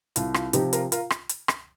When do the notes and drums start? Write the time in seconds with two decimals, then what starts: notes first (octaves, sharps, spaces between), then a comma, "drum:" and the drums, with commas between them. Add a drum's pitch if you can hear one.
0.16 C2 F4, drum: hi-hat
0.34 F4, drum: rim click
0.53 C3 F3 D#4 G4, drum: hi-hat
0.73 F4 A#4, drum: hi-hat
0.92 F4 A#4, drum: hi-hat
1.10 drum: rim click
1.29 drum: hi-hat
1.48 drum: rim click